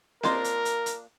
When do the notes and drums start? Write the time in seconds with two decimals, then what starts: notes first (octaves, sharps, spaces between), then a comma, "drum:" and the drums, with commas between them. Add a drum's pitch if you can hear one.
0.23 A#3 D4 F4 A#4 C5 D#5, drum: snare C4
0.44 drum: hi-hat
0.65 drum: hi-hat
0.86 drum: hi-hat